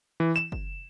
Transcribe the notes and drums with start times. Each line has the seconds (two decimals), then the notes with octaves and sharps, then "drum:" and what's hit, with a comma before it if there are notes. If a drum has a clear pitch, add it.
0.20 E3
0.36 E7, drum: clap
0.52 drum: kick